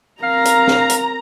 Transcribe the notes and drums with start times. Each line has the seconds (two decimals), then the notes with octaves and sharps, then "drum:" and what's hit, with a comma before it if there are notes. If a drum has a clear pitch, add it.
0.23 C4 A#4 F5 A#5
0.45 drum: hi-hat
0.67 drum: snare
0.90 drum: hi-hat